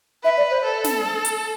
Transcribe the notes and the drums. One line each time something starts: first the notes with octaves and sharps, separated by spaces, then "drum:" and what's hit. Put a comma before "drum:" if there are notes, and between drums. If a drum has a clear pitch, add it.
B4 E5
D5
C5
A4
drum: snare
drum: hi-hat